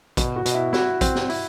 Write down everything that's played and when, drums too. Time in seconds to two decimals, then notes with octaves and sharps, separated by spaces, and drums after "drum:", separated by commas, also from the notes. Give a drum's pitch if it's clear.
0.17 B2, drum: kick, hi-hat
0.36 F#4
0.46 B2, drum: hi-hat
0.54 E4
0.73 E4 F#4, drum: snare
1.01 C4, drum: kick, hi-hat
1.15 drum: snare
1.29 E4, drum: open hi-hat